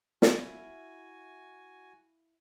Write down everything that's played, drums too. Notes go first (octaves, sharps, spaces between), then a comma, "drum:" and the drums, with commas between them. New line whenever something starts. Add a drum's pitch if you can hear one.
E4 F#4 F5 G#5, drum: snare